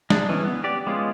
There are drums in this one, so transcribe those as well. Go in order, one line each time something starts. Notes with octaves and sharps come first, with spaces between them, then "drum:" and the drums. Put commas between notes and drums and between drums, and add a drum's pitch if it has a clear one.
G#3 D4, drum: snare
E3 B3 C#4
B3
G4 D5
G#3 B3 C#4 F4